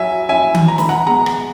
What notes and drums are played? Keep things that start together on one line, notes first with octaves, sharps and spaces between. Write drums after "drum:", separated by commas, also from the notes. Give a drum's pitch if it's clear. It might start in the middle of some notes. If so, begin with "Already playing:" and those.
Already playing: F#3 C#4 E4 E5 G#5
C#4 E4 E5 G#5
drum: tom D#3
E3 A#5
B5, drum: snare
F#5 A#5
G#3 B3 F#5 A#5
drum: rim click